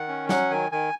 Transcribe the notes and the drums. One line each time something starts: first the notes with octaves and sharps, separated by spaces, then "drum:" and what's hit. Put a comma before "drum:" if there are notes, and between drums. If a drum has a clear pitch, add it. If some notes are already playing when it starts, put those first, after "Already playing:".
Already playing: D#3 F#5
C#4
F#3 F#5, drum: snare
D#3 G#5
D#3 G#5